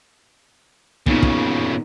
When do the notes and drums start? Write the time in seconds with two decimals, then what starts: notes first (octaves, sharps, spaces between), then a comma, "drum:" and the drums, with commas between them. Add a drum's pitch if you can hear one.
1.06 A#2 C#3 A#3 B3 D#4, drum: kick
1.23 drum: kick